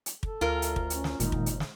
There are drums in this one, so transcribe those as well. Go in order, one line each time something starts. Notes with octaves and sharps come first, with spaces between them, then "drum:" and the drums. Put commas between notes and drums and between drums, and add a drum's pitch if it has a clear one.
drum: hi-hat
A4, drum: kick
D2 F4 A#4
drum: hi-hat
drum: kick
C#4, drum: hi-hat
drum: snare
F#1 A#2 D#3 G#3 D#4, drum: hi-hat
drum: kick
drum: hi-hat
drum: snare